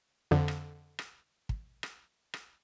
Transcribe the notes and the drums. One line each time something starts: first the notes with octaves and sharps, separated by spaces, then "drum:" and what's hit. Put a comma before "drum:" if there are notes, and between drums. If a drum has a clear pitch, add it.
F2 D3
drum: rim click
drum: rim click
drum: kick
drum: rim click
drum: rim click